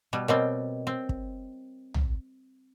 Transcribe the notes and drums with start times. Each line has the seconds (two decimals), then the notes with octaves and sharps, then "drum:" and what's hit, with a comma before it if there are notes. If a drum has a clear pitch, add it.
0.13 B2 G3 A5
0.28 B2 G3 C4 A#4 C#5 D#5
0.87 C4
1.09 drum: kick
1.94 drum: tom